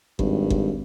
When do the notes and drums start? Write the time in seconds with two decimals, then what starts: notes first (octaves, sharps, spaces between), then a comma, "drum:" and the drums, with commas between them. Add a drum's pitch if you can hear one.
0.19 G#1 G2, drum: kick G1
0.50 drum: kick G1